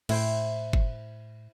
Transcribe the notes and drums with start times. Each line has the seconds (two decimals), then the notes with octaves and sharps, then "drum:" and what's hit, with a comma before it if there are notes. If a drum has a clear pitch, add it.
0.09 A2 E4 C5 G5, drum: cymbal
0.73 drum: kick G1